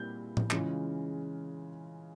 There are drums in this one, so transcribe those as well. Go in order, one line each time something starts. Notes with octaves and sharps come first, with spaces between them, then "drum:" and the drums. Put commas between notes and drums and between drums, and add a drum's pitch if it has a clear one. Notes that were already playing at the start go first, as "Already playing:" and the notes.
Already playing: A#2 G3 C4 E4 G6
drum: tom A2
C#3 E3 G#3 C#4 F4, drum: clap